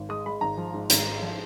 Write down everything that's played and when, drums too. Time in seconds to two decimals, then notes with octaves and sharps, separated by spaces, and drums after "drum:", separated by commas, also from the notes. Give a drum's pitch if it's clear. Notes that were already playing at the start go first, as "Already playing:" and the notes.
Already playing: G#1
0.09 G#3 D#6
0.26 G#3 B5
0.41 G#1 A#5
0.57 F3
0.74 G#2
0.90 G#1, drum: hi-hat
1.07 G#2
1.22 F3